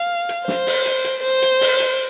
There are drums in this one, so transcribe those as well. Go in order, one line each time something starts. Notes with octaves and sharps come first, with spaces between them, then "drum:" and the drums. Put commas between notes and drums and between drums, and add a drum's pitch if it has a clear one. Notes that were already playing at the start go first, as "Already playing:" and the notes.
Already playing: F5
drum: hi-hat
C5, drum: snare
drum: open hi-hat
drum: hi-hat
drum: hi-hat
C5
drum: hi-hat
drum: open hi-hat
drum: hi-hat